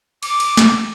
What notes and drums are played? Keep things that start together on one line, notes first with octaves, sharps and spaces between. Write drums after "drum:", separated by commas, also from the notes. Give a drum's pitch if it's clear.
D6, drum: cymbal
drum: cymbal
drum: snare